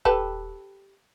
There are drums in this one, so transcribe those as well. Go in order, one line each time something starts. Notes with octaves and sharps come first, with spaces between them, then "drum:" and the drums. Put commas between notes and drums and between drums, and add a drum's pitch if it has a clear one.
G4 A4 B4, drum: kick D#1